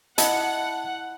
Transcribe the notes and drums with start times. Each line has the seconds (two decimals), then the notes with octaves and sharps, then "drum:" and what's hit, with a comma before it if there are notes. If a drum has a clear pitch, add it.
0.18 E4 D#5 F#5 A5, drum: hi-hat